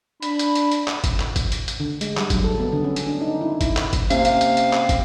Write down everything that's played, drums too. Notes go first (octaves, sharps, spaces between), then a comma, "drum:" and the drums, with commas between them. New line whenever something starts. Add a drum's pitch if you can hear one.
D4 B5, drum: hi-hat
drum: hi-hat
drum: hi-hat
drum: hi-hat
drum: clap
drum: kick, hi-hat
drum: clap
drum: kick, hi-hat
drum: hi-hat
drum: hi-hat
D3
G#3, drum: hi-hat
G3, drum: clap
F#3, drum: kick, hi-hat
A4
B3
D3
C#4
drum: hi-hat
D4
D#4
E4
E4, drum: kick, hi-hat
drum: clap
drum: kick, hi-hat
C3 A#3 C#4 F5, drum: hi-hat
drum: hi-hat
drum: hi-hat
drum: hi-hat
drum: clap
drum: kick, hi-hat